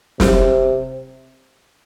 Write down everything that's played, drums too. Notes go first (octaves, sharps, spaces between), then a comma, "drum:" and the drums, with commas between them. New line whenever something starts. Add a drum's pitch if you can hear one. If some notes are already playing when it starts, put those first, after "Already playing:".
C3, drum: snare